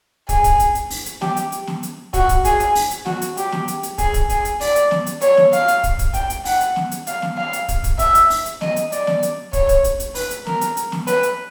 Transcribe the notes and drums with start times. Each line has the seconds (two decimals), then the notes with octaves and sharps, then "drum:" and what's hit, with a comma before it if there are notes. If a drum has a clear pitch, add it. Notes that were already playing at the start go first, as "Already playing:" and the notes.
0.29 G#4, drum: kick, hi-hat
0.44 drum: kick, hi-hat
0.60 drum: hi-hat
0.75 drum: hi-hat
0.90 drum: open hi-hat
1.06 drum: hi-hat
1.22 G4, drum: snare
1.37 drum: hi-hat
1.52 drum: hi-hat
1.67 drum: snare
1.83 drum: hi-hat
2.14 F#4, drum: kick, hi-hat
2.29 drum: kick, hi-hat
2.45 G#4, drum: hi-hat
2.60 drum: hi-hat
2.75 drum: open hi-hat
2.91 drum: hi-hat
3.06 F#4, drum: snare
3.22 drum: hi-hat
3.37 G4, drum: hi-hat
3.52 drum: snare
3.68 drum: hi-hat
3.83 drum: hi-hat
3.98 G#4, drum: kick, hi-hat
4.14 drum: kick, hi-hat
4.29 G#4, drum: hi-hat
4.45 drum: hi-hat
4.61 D5, drum: open hi-hat
4.76 drum: hi-hat
4.91 drum: snare
5.07 drum: hi-hat
5.21 C#5, drum: hi-hat
5.37 drum: snare
5.53 F5, drum: hi-hat
5.68 drum: hi-hat
5.84 drum: kick, hi-hat
5.99 drum: kick, hi-hat
6.14 G5, drum: hi-hat
6.30 drum: hi-hat
6.45 F#5, drum: open hi-hat
6.61 drum: hi-hat
6.76 drum: snare
6.91 drum: hi-hat
7.07 F5, drum: hi-hat
7.22 drum: snare
7.38 F5
7.53 drum: hi-hat
7.69 drum: kick, hi-hat
7.84 drum: kick, hi-hat
7.99 E5, drum: hi-hat
8.15 drum: hi-hat
8.30 drum: open hi-hat
8.46 drum: hi-hat
8.61 D#5, drum: snare
8.76 drum: hi-hat
8.92 D5, drum: hi-hat
9.07 drum: snare
9.23 drum: hi-hat
9.53 C#5, drum: kick, hi-hat
9.69 drum: kick, hi-hat
9.84 drum: hi-hat
10.00 drum: hi-hat
10.15 B4, drum: open hi-hat
10.31 drum: hi-hat
10.47 A#4, drum: snare
10.61 drum: hi-hat
10.77 drum: hi-hat
10.92 drum: snare
11.07 B4, drum: hi-hat
11.23 drum: hi-hat